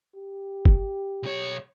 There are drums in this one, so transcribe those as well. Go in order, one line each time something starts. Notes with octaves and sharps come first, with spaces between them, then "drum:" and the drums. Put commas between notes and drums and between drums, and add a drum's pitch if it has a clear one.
G4
drum: kick
B1 C#5